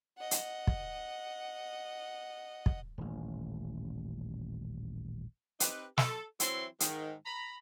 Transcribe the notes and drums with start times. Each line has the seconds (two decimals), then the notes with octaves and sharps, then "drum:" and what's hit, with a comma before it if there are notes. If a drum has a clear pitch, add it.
0.18 D#5 F#5
0.31 drum: hi-hat
0.67 drum: kick
2.66 drum: kick
2.98 D#1 A1
5.60 C4 D#4 G4 B4, drum: hi-hat
5.98 A4, drum: snare
6.40 E3 F#3 C4 E4 C6, drum: hi-hat
6.80 G#2 D#3, drum: hi-hat
7.26 A#5 B5